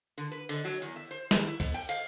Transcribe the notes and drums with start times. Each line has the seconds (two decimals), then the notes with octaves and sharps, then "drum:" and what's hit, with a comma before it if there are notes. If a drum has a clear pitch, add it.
0.18 D3
0.32 B4
0.49 D3, drum: cymbal
0.65 F#3
0.82 E2
0.96 E5
1.11 C5
1.31 D#3, drum: snare
1.47 E4
1.60 B3, drum: kick, cymbal
1.74 G5
1.89 F5, drum: cymbal